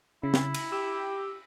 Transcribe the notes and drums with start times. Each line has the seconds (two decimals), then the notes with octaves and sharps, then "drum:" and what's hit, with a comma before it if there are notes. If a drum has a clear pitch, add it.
0.23 C#3 E4
0.34 drum: snare
0.54 drum: cymbal
0.72 G4 E6